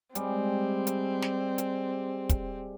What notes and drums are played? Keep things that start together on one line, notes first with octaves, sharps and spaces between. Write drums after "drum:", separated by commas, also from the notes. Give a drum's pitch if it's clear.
G3 G#3 C4, drum: hi-hat
drum: hi-hat
drum: snare
drum: hi-hat
drum: kick, hi-hat